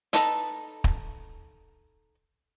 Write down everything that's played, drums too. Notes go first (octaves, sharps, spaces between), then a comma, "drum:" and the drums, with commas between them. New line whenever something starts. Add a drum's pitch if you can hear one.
D#4 A4 B4 D#5 A#5, drum: hi-hat
drum: kick